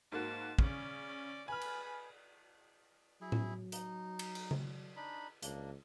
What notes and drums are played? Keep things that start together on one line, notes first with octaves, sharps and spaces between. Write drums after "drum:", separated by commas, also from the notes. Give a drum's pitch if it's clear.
G#2 A#3 F#4 A5
C#3 C#4 D5, drum: kick
B4 G#5 B5 F6
drum: cymbal
F#3 E4 G#4
drum: tom A2
D#4, drum: hi-hat
drum: cymbal
drum: cymbal
drum: tom C#3
D4 D#4 B5
C#2 A#3 D4, drum: hi-hat